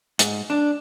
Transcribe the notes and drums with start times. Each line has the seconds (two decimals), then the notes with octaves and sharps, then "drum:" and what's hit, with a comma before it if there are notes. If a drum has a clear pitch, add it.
0.19 G#2, drum: hi-hat
0.50 D4